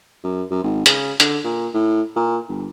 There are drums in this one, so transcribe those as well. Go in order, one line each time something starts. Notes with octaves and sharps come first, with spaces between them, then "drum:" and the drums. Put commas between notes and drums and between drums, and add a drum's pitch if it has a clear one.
F#2
F#2
G#1
C#3, drum: hi-hat
D3, drum: hi-hat
A#2
A2
A#2
G1